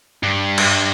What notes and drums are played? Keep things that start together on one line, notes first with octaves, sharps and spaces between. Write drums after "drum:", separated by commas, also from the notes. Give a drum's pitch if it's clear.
G2
drum: cymbal